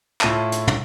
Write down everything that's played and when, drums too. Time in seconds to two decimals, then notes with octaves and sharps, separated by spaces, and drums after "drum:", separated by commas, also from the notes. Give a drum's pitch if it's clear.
0.21 A2 E4 F4 A5 D#7, drum: clap
0.52 drum: hi-hat
0.67 drum: tom